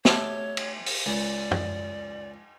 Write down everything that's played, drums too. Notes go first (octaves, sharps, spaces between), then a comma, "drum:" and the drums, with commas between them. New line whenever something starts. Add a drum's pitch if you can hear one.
A3 G4 A4 C#5, drum: snare
drum: cymbal
drum: open hi-hat
C#2 D5
drum: tom